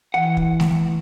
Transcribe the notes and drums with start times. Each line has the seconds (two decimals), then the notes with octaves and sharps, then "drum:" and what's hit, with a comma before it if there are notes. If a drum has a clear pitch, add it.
0.14 E3 F#5
0.37 drum: kick
0.60 drum: snare A3